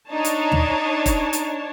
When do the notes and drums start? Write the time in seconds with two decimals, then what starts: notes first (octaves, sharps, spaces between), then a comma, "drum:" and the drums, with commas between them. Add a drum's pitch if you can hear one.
0.11 D4 D#4 C#5 A5
0.25 drum: hi-hat
0.52 drum: tom
1.06 drum: kick E1, hi-hat
1.33 drum: hi-hat